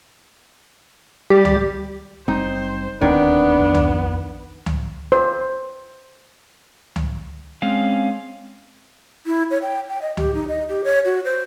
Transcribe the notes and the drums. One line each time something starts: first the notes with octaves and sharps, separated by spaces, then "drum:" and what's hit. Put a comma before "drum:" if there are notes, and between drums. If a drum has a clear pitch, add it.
G3 G4
drum: tom C#2
F#1 G3 C4 D#4 C5
D#1 D2 D#3 B3 C4 D4
A#1 F2
drum: tom C#2
drum: tom C#2
C5
drum: tom C#2
G#3 C4 C#4 F5
E4
C#5
G5
G5
D#5
G4, drum: tom C#2
D#4
D#5
G4
C#5
F#4
C5